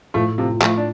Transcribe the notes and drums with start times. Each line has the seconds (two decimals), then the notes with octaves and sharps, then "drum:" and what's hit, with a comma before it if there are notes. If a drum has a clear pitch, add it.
0.14 A2 F3 A3
0.38 C3 F3
0.50 F4
0.62 F3 A3, drum: clap
0.78 D4